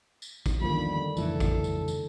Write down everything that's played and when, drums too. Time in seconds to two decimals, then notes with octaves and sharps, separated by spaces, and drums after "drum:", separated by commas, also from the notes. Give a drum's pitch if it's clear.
0.22 drum: tambourine
0.46 drum: kick A#1, tambourine
0.61 E2 D3 D#3 F3 G3 A#3 B5
1.17 F2 A2 C#3 E3 A4, drum: tambourine
1.40 drum: kick A#1, tambourine
1.64 drum: tambourine
1.88 drum: tambourine